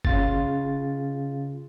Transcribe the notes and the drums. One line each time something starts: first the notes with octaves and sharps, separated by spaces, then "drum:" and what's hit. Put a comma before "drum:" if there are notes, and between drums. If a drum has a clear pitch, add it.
C#3 F4 A6, drum: kick G1